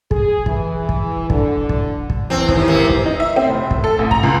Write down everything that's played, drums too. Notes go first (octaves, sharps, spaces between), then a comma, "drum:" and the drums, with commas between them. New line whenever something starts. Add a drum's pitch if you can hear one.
G#4, drum: kick
E3, drum: kick
drum: kick
D3, drum: kick
drum: kick
drum: kick
E2 C4
D#2, drum: kick
G#1 C3 A#3
drum: kick
D#4
E5
C4
F1
drum: kick
A4
A1
A#5, drum: kick
C#2